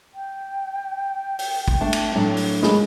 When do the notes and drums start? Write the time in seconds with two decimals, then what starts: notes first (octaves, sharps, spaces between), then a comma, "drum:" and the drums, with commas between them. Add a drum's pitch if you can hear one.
0.15 G5
1.39 drum: open hi-hat
1.68 drum: kick
1.81 A3 D4 A5
1.93 drum: cymbal
2.15 A2 F#3 D4
2.37 drum: open hi-hat
2.63 G#3 B5, drum: snare